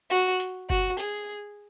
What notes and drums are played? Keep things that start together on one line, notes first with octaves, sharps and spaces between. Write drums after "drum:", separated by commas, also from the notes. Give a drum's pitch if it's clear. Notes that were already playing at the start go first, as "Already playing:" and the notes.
F#4
drum: hi-hat
F#4, drum: kick F#1
G#4, drum: hi-hat